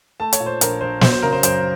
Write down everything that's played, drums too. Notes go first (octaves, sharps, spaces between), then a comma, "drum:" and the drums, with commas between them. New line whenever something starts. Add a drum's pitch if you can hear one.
A3 A5
C#5, drum: hi-hat
A#2
C5
A#1 A#4, drum: hi-hat
A#1 C5
F#3 C5, drum: snare
C5
C#3 A#4
C5
F#2 C5, drum: hi-hat